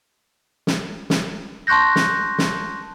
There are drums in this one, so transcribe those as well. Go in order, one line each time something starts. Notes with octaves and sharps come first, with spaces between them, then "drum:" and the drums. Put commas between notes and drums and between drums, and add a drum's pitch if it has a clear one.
drum: snare
drum: snare
A5 C6 C#6 F#6 G6 A#6
drum: snare
drum: snare